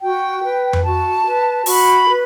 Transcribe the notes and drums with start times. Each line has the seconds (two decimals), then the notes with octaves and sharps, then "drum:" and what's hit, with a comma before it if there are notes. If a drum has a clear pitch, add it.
0.02 F#4 G5
0.43 B4
0.73 drum: tom F2
0.84 F#4 A5
1.26 B4
1.66 F#4 B5, drum: open hi-hat
2.08 B4